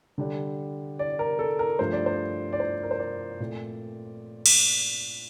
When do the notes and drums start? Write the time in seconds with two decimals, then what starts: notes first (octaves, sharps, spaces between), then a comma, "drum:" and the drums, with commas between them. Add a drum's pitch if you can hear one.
0.18 D3 G3 D4
0.99 D5
1.19 A#4
1.39 A4
1.59 A#4
1.79 G2 F3 A3 C5
1.93 D5
2.06 C5
2.53 D5
2.60 C5
2.83 A#4
2.91 C5
2.99 D5
3.40 A#2 A3 C4
4.46 drum: cymbal